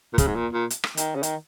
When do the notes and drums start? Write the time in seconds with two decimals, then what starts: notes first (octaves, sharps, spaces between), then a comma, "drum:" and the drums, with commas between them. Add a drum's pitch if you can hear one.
0.13 A#2
0.18 C#3, drum: kick, hi-hat
0.27 G#2
0.35 A#2
0.53 A#2
0.70 drum: hi-hat
0.84 drum: rim click
0.97 D#3, drum: hi-hat
1.16 C#3
1.23 D#3, drum: hi-hat